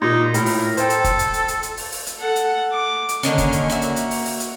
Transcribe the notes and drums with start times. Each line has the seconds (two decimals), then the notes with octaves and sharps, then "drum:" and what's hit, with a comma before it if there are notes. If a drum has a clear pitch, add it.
0.02 A#2 D#4
0.34 A2 A#4, drum: hi-hat
0.46 drum: open hi-hat
0.77 A4 C5 G5, drum: hi-hat
0.90 drum: hi-hat
1.04 drum: kick, hi-hat
1.19 drum: hi-hat
1.34 drum: hi-hat
1.48 drum: hi-hat
1.63 drum: hi-hat
1.77 drum: open hi-hat
1.92 drum: open hi-hat
2.06 drum: hi-hat
2.18 A4 F#5
2.36 drum: hi-hat
2.72 D6
3.09 drum: hi-hat
3.23 D3 D#3 A#3 C#4, drum: hi-hat
3.38 drum: kick, hi-hat
3.52 drum: hi-hat
3.70 F#4 E5, drum: hi-hat
3.82 drum: hi-hat
3.96 drum: hi-hat
4.11 drum: open hi-hat
4.25 drum: open hi-hat
4.40 drum: hi-hat